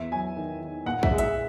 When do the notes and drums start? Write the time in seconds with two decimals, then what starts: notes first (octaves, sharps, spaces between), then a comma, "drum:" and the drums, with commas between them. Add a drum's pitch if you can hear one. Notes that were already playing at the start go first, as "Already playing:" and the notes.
Already playing: E2 E5
0.12 F#3 G#5
0.37 D#3
0.61 D#3
0.86 A#2 F#5
1.03 E5, drum: kick
1.11 G#3
1.18 E5, drum: hi-hat